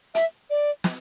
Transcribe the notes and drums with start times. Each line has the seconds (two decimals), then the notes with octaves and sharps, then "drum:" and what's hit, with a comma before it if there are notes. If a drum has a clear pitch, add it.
0.15 E5, drum: hi-hat
0.50 D5
0.84 drum: snare